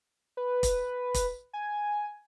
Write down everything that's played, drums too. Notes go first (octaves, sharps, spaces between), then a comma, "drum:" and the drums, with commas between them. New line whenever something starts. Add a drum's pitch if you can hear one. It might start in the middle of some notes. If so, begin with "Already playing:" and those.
B4
drum: kick, hi-hat
drum: kick, hi-hat
G#5